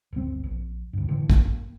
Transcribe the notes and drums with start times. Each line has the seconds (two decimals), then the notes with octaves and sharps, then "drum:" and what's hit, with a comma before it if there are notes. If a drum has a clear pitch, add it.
0.13 D1 G1 C4
0.44 A#1
0.93 D2 G2
1.08 A2 D3 E3
1.30 A#3, drum: kick